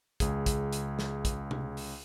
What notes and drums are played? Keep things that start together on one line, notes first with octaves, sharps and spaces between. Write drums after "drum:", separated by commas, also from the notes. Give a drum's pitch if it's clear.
C#2 C#3 G#4, drum: kick, hi-hat
drum: kick, hi-hat
drum: hi-hat
drum: snare
drum: kick, hi-hat
drum: tom C3
drum: open hi-hat